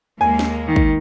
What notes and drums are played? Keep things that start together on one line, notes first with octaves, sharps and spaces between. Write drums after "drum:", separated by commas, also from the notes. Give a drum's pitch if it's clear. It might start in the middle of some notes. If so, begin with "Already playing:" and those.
D#2 G#3 A#3 G#5
drum: snare
D#3
drum: kick